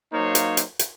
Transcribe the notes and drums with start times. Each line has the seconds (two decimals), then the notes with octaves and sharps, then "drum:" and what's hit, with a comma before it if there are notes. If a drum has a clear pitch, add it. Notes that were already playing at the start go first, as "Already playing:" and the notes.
0.13 F#3 A#3 D#4 C5 C#5 F5
0.35 drum: hi-hat
0.57 drum: hi-hat
0.79 drum: hi-hat